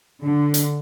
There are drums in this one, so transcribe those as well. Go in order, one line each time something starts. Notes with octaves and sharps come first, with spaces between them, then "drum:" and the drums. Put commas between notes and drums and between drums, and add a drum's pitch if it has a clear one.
D3
drum: hi-hat